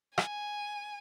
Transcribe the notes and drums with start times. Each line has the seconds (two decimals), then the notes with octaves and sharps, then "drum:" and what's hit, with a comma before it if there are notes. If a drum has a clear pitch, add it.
0.18 G#5, drum: rim click